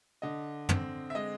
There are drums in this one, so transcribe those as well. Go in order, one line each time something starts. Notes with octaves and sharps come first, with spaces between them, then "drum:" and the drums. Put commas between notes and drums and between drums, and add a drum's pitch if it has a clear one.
D3 D#5
C4, drum: tom
E5
G#3 D#5